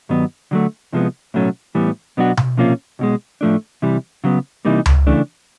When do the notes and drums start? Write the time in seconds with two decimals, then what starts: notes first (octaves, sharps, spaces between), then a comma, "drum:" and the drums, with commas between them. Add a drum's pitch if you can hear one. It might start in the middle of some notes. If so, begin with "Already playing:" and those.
0.09 G2 D#3 F#3 B3
0.51 D3 F#3 A3
0.93 C2 C3 F3 G#3 B3
1.34 B1 A2 F#3 A3 C#4
1.75 A2 E3 G3 B3
2.17 B2 F#3 B3 D4 F#4
2.37 drum: tom B2
2.57 C3 F3 A#3 C#4 F4
2.99 B1 B2 G#3
3.41 A2 F3 A3 D4
3.82 C3 E3 G3
4.24 C#3 F#3 B3
4.65 C3 E3 G3 A#3 D#4
4.86 drum: tom C#2
5.07 C#3 E3 A3 D4